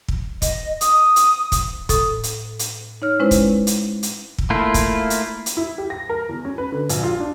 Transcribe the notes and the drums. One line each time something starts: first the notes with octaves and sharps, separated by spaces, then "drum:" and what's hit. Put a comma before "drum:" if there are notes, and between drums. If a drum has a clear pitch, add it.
drum: kick
D#5, drum: kick, hi-hat
D#6, drum: hi-hat
drum: hi-hat
drum: kick, hi-hat
A2 A4 D#6, drum: kick, hi-hat
drum: hi-hat
drum: hi-hat
D#4 C#5 F6
G#3 C#4 E4 B4 C5
drum: kick, hi-hat
drum: hi-hat
drum: hi-hat
drum: kick
A3 A#3 E4 F4
drum: kick, hi-hat
drum: hi-hat
drum: hi-hat
E4
G4
A#6
A#4
E2
C#4
B4
D3
A#1, drum: hi-hat
F4
D4